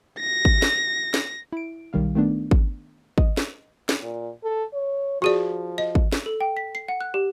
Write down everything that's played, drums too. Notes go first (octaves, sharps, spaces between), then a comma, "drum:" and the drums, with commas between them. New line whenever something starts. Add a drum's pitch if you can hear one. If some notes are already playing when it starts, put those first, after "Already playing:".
A#6
drum: kick G#1
drum: snare
drum: snare
E4 D7
B1 D#3 G3 F5
D#3 A3 B3 D4
drum: kick G#1
D#5, drum: kick G#1
drum: snare
drum: snare
A#2
A4
C#5
F3 F#4 G#4 D5
D#5
drum: kick G#1
drum: snare
A4
G5
B6
C7
F#5
F#6
G4